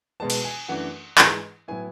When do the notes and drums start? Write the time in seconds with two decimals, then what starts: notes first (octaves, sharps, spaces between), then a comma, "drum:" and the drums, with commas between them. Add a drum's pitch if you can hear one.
0.20 B2 G#3 B3 A5
0.30 drum: cymbal
0.44 G#5
0.69 F#2 E3 A3 D4 F#5
1.18 G#2 E3 G#3, drum: clap
1.68 A2 F#3 B3 E4 G#5